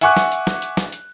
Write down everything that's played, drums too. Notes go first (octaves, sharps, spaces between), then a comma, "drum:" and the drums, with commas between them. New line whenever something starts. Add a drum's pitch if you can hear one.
E5 F#5 G#5 C#6 D6 F#6, drum: hi-hat
drum: snare
drum: hi-hat
drum: snare
drum: hi-hat
drum: snare
drum: hi-hat